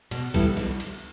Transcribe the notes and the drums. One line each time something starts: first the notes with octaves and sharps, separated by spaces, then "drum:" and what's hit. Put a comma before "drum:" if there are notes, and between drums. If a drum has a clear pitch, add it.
B2, drum: cymbal
G3 B3 E4 A4, drum: kick A#1, cymbal
B2, drum: snare
drum: cymbal